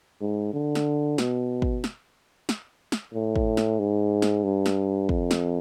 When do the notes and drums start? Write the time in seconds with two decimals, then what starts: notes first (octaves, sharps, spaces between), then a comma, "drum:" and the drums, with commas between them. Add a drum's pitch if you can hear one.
0.21 G#2
0.53 D3
0.75 drum: snare
1.18 B2, drum: snare
1.62 drum: kick
1.84 drum: snare
2.49 drum: snare
2.92 drum: snare
3.14 A2
3.36 drum: kick
3.57 drum: snare
3.79 G#2
4.22 drum: snare
4.44 G2
4.66 drum: snare
5.09 F2, drum: kick
5.31 drum: snare